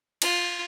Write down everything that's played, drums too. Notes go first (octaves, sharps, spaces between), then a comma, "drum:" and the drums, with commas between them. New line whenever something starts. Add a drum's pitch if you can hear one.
F4, drum: cymbal